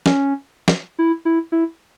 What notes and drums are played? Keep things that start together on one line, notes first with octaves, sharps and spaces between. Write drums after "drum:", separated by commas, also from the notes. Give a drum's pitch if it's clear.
C#4, drum: snare
drum: snare
E4
E4
E4